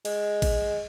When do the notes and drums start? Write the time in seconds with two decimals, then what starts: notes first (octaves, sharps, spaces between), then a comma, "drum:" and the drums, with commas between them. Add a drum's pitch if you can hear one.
0.05 G#3, drum: cymbal
0.42 drum: kick A1, cymbal